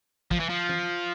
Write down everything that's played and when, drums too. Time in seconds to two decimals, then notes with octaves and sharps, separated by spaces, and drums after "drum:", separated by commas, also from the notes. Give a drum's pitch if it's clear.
0.31 F3, drum: kick
0.39 E3
0.49 F3
0.69 drum: tom E3